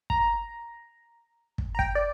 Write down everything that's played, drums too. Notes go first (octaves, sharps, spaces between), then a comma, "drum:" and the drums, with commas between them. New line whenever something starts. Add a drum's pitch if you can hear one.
A#5, drum: kick
drum: kick
A#5
G5, drum: kick
D5